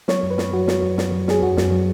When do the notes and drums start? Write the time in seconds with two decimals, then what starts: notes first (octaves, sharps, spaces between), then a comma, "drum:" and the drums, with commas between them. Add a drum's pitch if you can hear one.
0.08 F#3 C#5, drum: snare
0.23 F#2
0.30 B4
0.38 F#2, drum: snare
0.53 F#3 F#4
0.68 F#3, drum: snare
0.83 F#2
0.98 F#2, drum: snare
1.12 F#3
1.28 F#3 G#4, drum: snare
1.43 F#2 F#4
1.57 F#2, drum: snare
1.71 F#3